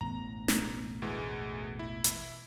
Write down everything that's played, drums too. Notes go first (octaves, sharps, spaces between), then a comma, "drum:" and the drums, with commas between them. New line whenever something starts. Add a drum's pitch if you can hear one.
E1 A1 B3 A#5
drum: snare
D2 E3 G#3
E4
drum: hi-hat